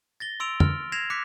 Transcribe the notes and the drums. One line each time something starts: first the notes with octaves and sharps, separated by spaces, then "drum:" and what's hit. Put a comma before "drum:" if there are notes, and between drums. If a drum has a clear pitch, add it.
A6 A#6 G7
C6 E6 D7 F7
F6, drum: tom
G#6 A#6 C7 E7 F7
D6 F#6 B6 C#7